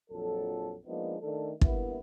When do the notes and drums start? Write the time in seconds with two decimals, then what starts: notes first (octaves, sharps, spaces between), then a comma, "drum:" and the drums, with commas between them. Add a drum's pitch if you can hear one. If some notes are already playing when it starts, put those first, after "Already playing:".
0.11 A#1 F2 F#3 A4
0.86 F3 G#3 A#3 B3 D4 D#4
1.22 D#3 A3 D4 A4
1.61 G2 A#3 B3 E4, drum: kick